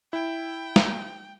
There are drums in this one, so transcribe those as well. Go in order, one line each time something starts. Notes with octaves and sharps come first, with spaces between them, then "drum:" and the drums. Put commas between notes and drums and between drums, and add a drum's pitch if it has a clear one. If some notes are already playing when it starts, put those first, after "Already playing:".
E4 G5
drum: snare